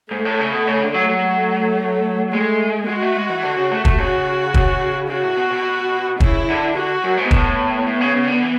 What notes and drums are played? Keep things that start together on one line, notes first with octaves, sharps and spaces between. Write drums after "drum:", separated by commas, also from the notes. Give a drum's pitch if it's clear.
G#2 A3
A2
C#3
B2
C#3
D3
F#3
F#3
A3
G#3 A3
G#3 F#4
A3
G#3
E3
D3
C#3
A3
A3, drum: kick
C#3 F#4
C#3, drum: kick
C#3 F#4
A2
B2
B2
C#3 E4, drum: kick
D3
D3 F#4
F#2
G#2
A2 B3, drum: kick
A2
C#3
C#3
D3
E3